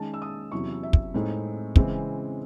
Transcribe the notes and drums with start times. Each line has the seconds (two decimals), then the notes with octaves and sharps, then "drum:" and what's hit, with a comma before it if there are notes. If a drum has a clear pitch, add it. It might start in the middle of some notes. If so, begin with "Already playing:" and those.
Already playing: D#3 G#3 C#4 A5
0.14 E6
0.22 D#6
0.52 E2 C3 F#3 C#4 E4 C#6
0.83 E5
0.93 drum: kick
1.14 A2 G#3 C4 D#4
1.76 C#3 E3 G#3 C4 E4, drum: kick